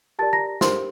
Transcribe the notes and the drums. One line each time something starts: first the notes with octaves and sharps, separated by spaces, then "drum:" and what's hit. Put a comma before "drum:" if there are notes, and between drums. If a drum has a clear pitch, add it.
G4 A#4 D5 A5 A6
A#5 A#6
D4 G4 A#4 C5 C6, drum: snare